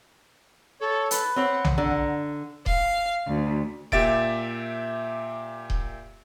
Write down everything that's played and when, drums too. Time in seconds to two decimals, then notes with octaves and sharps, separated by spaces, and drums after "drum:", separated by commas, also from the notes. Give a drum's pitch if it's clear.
0.81 A4 C#5
1.11 B4, drum: hi-hat
1.36 C4 C#5 F#5
1.65 drum: tom B1
1.78 D3 A#5
2.66 F5, drum: kick D#1
3.26 D2
3.92 A#2 G4 E5 A6 D7, drum: kick D#1
5.70 drum: kick D#1